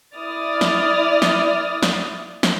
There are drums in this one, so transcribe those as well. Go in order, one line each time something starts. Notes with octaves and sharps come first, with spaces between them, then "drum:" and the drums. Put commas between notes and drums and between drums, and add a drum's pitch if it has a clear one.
E4 D5 D#6 F6 A6
drum: snare
drum: snare
drum: snare
drum: snare